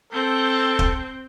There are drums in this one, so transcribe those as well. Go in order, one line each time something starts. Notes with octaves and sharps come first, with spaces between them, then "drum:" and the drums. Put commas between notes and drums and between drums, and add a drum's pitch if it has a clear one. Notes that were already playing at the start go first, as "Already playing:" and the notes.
C4 A4 G5
drum: kick